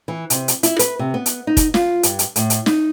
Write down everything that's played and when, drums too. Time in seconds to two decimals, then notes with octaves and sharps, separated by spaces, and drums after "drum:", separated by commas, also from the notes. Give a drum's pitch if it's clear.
0.08 E3
0.30 C3, drum: hi-hat
0.48 drum: hi-hat
0.63 E4, drum: hi-hat
0.79 B4, drum: hi-hat
0.99 C3
1.14 B3
1.26 drum: hi-hat
1.47 D#4
1.57 drum: kick, hi-hat
1.74 F4, drum: snare
2.03 G2, drum: hi-hat
2.19 drum: hi-hat
2.36 A2, drum: hi-hat
2.50 drum: hi-hat
2.66 D#4, drum: snare